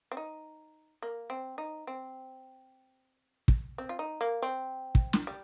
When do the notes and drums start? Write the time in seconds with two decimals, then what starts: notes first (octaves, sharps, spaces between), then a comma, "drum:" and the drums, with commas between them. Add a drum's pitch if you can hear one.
0.12 C4
0.17 D#4
1.02 A#3
1.30 C4
1.58 D#4
1.87 C4
3.48 drum: kick
3.78 C4
3.89 F4
3.99 D#4
4.21 A#3
4.42 C4
4.95 drum: kick
5.13 drum: snare
5.27 G3